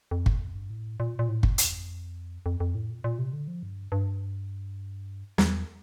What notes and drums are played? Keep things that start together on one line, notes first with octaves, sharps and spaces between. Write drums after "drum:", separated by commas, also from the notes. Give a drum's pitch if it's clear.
F2
E2, drum: kick
F2
G2
A2
A#2
A#2
A2
F2, drum: kick
E2, drum: hi-hat
F2
F2
F2
A2
A#2
A#2
C3
D3
F3
G2
G2
E2, drum: snare